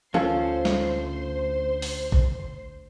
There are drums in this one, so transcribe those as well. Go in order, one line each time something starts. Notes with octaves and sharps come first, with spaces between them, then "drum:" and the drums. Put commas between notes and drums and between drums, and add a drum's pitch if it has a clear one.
D2 C#4 F4 A4 C5 C6, drum: tom E3
drum: snare
drum: open hi-hat
drum: kick G#1